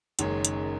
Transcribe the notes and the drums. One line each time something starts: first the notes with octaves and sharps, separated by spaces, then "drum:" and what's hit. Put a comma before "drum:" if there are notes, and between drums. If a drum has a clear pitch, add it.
F#1 F#2 D#3 G#3 C#5, drum: hi-hat
drum: hi-hat